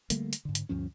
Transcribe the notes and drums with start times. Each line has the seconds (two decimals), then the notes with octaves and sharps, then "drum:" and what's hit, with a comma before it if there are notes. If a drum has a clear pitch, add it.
0.10 D3 G3 A3 A#3, drum: hi-hat
0.33 drum: hi-hat
0.45 G#2 D3
0.55 drum: hi-hat
0.69 D2 G2 F3 C#4